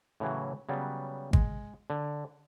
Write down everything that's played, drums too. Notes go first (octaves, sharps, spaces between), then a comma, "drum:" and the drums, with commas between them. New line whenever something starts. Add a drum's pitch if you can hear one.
A2 C#3 E3 F#3
C#3 F#3 G3 B3
G#3, drum: kick G#1
D3